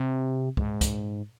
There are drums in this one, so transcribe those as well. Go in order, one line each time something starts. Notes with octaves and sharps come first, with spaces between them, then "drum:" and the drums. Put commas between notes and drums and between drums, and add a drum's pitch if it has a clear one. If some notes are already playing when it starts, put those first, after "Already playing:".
Already playing: C3
G#2, drum: kick
drum: kick, hi-hat